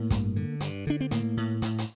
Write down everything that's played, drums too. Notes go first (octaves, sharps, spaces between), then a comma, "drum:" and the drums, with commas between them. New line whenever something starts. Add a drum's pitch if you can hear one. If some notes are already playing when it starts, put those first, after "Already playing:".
Already playing: A2 A#3
G2, drum: kick, hi-hat
D3
G2, drum: hi-hat
D3 D4
C4
A2 A#3, drum: hi-hat
A2
A2, drum: hi-hat
drum: hi-hat